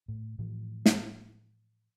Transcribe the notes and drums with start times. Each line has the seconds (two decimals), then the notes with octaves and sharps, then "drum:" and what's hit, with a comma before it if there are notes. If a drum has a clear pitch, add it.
0.08 A2
0.39 A2 E3 F3
0.86 drum: snare